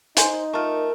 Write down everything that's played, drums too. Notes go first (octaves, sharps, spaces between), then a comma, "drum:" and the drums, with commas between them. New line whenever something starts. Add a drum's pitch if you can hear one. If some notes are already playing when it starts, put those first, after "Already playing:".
D#4 C5 G#5 C6, drum: hi-hat
A3 F4 A#4